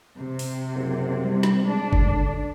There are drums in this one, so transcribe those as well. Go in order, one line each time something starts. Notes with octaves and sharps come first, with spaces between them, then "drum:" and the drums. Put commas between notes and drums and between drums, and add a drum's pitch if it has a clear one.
C3
drum: open hi-hat
F#1
G3
drum: snare
G#3 D4
drum: kick G1
D3